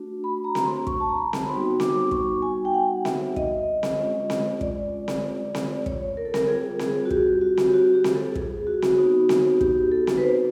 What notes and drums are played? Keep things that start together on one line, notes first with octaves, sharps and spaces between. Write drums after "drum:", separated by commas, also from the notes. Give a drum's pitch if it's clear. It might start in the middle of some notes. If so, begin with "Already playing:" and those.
Already playing: A3 D4 F#4
B5
A#5
drum: snare C4
C6
C#6, drum: kick
A5
A#5
B5
drum: snare C4
G3 B3 D#4 F#4 C6
D6, drum: snare C4
C#6, drum: kick
G#5
G5
F#5
E5, drum: snare C4
D#5, drum: kick
drum: snare C4
G#3 C#4 F4
drum: snare C4
D5, drum: kick
drum: snare C4
drum: snare C4
C#5, drum: kick
A#4
A4
A#4, drum: snare C4
G3 C4 F4 G#4
G#4, drum: snare C4
F#4
G4, drum: kick
F#4
drum: snare C4
G4
F#4
G4
drum: snare C4
A4
G#4, drum: kick
F#4
drum: snare C4
B3 D#4 F#4
drum: snare C4
G4, drum: kick
A4
drum: snare C4
B4
C5